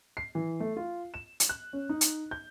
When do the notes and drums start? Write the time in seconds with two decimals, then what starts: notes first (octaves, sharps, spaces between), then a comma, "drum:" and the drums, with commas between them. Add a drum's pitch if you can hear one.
0.17 C7
0.35 E3
0.60 A3
0.77 F4
1.14 E7
1.40 drum: hi-hat
1.49 F#6
1.73 C#4
1.89 D#4
2.01 drum: hi-hat
2.31 G6